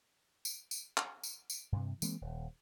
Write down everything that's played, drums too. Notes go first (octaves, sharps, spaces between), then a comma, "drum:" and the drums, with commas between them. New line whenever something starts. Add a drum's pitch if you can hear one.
drum: tambourine
drum: tambourine
drum: clap
drum: tambourine
drum: tambourine
G2 C3
E3 G#3 A#3 C4, drum: tambourine
D#1